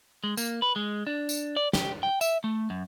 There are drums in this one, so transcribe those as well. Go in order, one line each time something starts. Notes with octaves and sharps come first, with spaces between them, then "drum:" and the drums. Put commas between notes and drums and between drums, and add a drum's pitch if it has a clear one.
G#3
A#3, drum: tambourine
B4
G#3
D4
drum: tambourine
D5
G4, drum: snare
G5
E5, drum: tambourine
A3
F#2